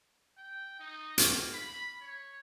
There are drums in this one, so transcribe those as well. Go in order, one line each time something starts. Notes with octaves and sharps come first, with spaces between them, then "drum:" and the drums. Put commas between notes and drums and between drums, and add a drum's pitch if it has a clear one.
G5
D#4
A#3, drum: hi-hat
B5
C#5